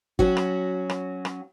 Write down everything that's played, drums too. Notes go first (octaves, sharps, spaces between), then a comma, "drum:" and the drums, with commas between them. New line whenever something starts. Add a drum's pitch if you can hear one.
F#3 C#4 F#4, drum: kick
drum: rim click
drum: rim click
drum: rim click